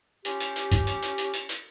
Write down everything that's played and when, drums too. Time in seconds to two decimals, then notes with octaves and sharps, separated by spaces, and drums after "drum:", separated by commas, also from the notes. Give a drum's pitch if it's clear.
0.25 C#4 F4 G4, drum: hi-hat
0.40 drum: hi-hat
0.56 drum: hi-hat
0.72 drum: kick, hi-hat
0.87 drum: hi-hat
1.03 drum: hi-hat
1.18 drum: hi-hat
1.34 drum: hi-hat
1.49 drum: hi-hat